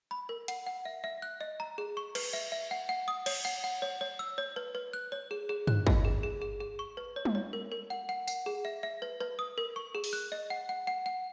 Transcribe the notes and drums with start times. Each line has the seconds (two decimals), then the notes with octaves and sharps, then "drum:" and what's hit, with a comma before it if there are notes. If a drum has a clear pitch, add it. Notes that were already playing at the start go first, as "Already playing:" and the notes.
0.11 B5
0.29 A#4
0.48 F#5, drum: hi-hat
0.67 F#5
0.85 E5
1.04 E5
1.22 F#6
1.41 D#5
1.60 A#5
1.78 G#4
1.97 C#6
2.15 B4, drum: cymbal
2.33 E5
2.52 E5
2.71 F#5
2.89 F#5
3.08 D#6
3.26 C#5, drum: cymbal
3.45 F#5
3.64 F#5
3.82 C#5
4.01 C#5
4.19 E6
4.38 C#5
4.56 B4
4.75 B4
4.93 F#6
5.12 C#5
5.31 G#4
5.49 G#4
5.67 F#6, drum: tom G2
5.87 D#5, drum: kick
6.05 G#4
6.23 G#4
6.42 G#4
6.61 G#4
6.79 C#6
6.97 B4
7.16 C#5
7.25 drum: tom G3
7.35 C#5
7.53 A#4
7.72 A#4
7.90 F#5
8.09 F#5
8.28 F#5, drum: tambourine
8.46 G#4
8.65 E5
8.83 E5
9.02 B4
9.21 B4
9.39 D#6
9.58 A#4
9.76 C#6
9.95 G#4
10.04 drum: open hi-hat
10.13 F#6
10.32 D#5
10.50 F#5
10.69 F#5
10.87 F#5
11.06 F#5